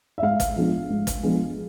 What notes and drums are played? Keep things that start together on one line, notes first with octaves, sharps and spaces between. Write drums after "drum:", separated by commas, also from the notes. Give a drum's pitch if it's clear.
E5
G#2 F5
drum: kick, hi-hat
F3 G#3 B3 D4
G#2
drum: kick, hi-hat
F3 G#3 B3 D4